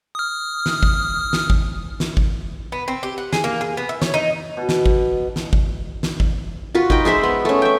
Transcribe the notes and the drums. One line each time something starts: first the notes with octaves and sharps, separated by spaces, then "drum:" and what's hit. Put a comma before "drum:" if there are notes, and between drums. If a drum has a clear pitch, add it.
D#6 F6
drum: snare
drum: kick G#1
drum: snare
drum: kick G#1
drum: snare
drum: kick G#1
B3
C4
G4
F#5
G#4, drum: snare
A#3
G#4
B3
E5
C#5, drum: snare
D#4
B2
drum: snare
drum: kick G#1
drum: snare
drum: kick G#1
drum: snare
drum: kick G#1
F4 F#4 B4
D#4 D#5 G5, drum: kick G#1
G#3 C5 E5 B5
B3
A3 C#4
E5 G5